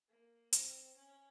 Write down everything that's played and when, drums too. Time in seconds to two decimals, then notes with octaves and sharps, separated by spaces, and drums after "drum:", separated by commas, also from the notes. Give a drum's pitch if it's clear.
0.09 A#3
0.53 C4, drum: hi-hat
0.96 C#4